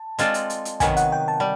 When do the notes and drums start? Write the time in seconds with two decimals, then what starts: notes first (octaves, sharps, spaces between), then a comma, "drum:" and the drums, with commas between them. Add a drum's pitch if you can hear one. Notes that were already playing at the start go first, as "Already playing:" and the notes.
Already playing: A5
0.19 G#3 C4 F4 A4 D5, drum: hi-hat
0.34 drum: hi-hat
0.50 drum: hi-hat
0.65 drum: hi-hat
0.80 C3 D#3 F#3 B3 G#5, drum: kick, hi-hat
0.97 F#5, drum: hi-hat
1.12 G5
1.28 A5
1.40 G3